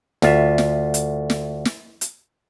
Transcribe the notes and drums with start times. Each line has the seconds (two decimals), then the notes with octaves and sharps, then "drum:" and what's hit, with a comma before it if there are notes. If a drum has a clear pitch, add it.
0.22 D2 F4 E5, drum: snare
0.58 drum: snare
0.94 drum: hi-hat
1.30 drum: snare
1.65 drum: snare
2.01 drum: hi-hat